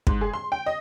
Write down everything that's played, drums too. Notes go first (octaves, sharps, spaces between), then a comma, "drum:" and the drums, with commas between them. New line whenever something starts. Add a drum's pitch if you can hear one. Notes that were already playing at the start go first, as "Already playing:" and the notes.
G#2, drum: kick
G#4
C6
G5
D#5